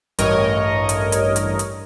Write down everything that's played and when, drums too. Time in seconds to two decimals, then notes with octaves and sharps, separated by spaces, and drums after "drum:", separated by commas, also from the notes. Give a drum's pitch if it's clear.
0.19 A1 G2 A#4 C#5 D#5, drum: hi-hat
0.89 drum: hi-hat
1.12 drum: hi-hat
1.36 drum: hi-hat
1.59 drum: hi-hat